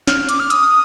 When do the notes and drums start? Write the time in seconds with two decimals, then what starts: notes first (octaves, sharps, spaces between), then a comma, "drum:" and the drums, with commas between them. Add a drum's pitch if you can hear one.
0.07 F6, drum: snare
0.29 D6, drum: hi-hat
0.39 F6
0.50 D#6, drum: hi-hat